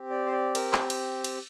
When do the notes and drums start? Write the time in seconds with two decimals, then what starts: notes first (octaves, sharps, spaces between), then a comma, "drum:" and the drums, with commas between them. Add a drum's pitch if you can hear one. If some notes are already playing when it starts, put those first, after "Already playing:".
Already playing: C4 G4
0.10 D5
0.26 C5
0.32 D5
0.55 A#4, drum: cymbal
0.73 drum: clap
0.90 drum: cymbal
1.24 drum: cymbal